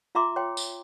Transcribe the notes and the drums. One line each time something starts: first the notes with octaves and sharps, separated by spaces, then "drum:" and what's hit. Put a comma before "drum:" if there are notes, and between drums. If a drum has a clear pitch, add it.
F4 E5 A#5 C6 D6
C#5 G5 C6
drum: tambourine